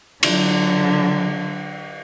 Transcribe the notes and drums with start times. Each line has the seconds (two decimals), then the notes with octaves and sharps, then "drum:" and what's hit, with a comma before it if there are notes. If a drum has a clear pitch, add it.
0.23 D3 F#3, drum: cymbal